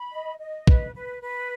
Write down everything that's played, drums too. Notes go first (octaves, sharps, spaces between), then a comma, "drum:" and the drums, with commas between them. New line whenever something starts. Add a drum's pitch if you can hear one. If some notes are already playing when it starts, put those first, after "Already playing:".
Already playing: B5
D#5
D#5
B4, drum: kick
B4
B4